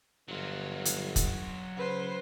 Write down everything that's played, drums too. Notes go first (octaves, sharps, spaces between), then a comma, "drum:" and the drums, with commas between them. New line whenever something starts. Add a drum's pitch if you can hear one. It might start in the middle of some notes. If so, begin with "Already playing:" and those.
G1 F#3 F4
drum: hi-hat
drum: kick, hi-hat
C#3 B4 C5